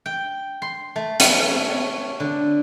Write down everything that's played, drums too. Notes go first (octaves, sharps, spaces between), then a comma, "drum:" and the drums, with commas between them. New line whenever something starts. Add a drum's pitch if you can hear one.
G5
C6
A3
drum: hi-hat
C#5
D3